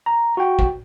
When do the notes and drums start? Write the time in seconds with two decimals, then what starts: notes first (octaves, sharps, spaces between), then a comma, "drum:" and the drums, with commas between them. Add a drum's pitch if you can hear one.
0.06 A#5
0.37 F#4 G5
0.59 drum: kick